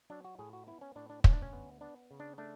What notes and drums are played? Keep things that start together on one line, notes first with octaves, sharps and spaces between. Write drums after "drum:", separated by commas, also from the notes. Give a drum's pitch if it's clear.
F#3 D4
F#4
A2 G#4
F#4
B3 E4
C#4
A2 D4
D4
D2 C#4, drum: kick
D4
C#4
B3
B3 D4
C#3
D4
A3 D4